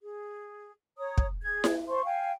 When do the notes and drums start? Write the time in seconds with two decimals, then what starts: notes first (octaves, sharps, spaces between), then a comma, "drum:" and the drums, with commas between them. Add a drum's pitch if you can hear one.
0.02 G#4
0.98 C#5 A#5 D#6
1.18 drum: kick
1.42 G#4 G#6
1.64 drum: snare E4
1.88 C5 A5 C6 C#6
2.04 F5 G5 G#5